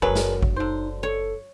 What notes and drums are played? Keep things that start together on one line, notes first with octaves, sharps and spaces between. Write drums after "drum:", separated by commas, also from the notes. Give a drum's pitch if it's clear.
F#1 D3 F#3 D4 G#4 A#4 B4
drum: snare
drum: kick G#1
D3 D#4 C5
A4 C#5